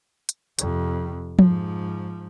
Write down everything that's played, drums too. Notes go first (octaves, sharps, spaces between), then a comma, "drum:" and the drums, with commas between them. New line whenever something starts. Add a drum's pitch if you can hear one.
drum: hi-hat
F2 C3, drum: hi-hat
G#2 F3, drum: tom F3